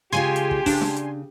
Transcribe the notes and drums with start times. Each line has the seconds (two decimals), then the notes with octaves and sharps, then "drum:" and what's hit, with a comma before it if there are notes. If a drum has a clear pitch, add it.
0.12 C#3 G#3 F4 G4 G#5 C6
0.36 drum: hi-hat
0.51 drum: kick
0.66 C#3 D4, drum: kick, open hi-hat
0.81 drum: snare
0.96 drum: hi-hat